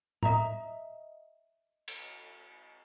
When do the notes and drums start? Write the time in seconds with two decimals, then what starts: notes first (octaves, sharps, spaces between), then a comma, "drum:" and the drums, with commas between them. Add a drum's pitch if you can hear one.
0.23 D#5 E5 A#5, drum: tom
1.88 drum: cymbal